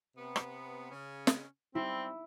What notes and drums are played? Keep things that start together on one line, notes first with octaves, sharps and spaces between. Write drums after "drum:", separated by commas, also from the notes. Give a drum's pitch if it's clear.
C3 B3
drum: rim click
C#3 C#4
drum: snare
G3 C4 E4